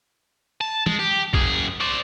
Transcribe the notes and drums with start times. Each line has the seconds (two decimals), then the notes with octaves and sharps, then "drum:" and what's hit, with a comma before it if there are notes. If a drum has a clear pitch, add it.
0.61 A5
0.86 G#3, drum: tom
0.99 G4
1.34 F#2 G#4, drum: kick
1.80 C5 D5